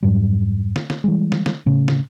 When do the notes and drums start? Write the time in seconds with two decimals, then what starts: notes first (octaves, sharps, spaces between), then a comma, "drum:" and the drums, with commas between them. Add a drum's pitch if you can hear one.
0.03 F2 G#2 F#3 G3
0.76 drum: snare
0.90 drum: snare
1.04 E3 G3 G#3
1.32 drum: snare
1.46 drum: snare
1.66 A2 C#3
1.88 drum: snare